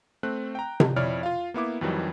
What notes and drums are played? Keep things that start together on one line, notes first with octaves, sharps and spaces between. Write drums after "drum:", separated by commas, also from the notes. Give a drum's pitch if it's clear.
A3 C4 F#6
G5 A#5
drum: tom C3
F2 E4 C#5 D5 F6
F4 F5
A#3 B3 E4 D6
F2 D#3 E3 F#3 G3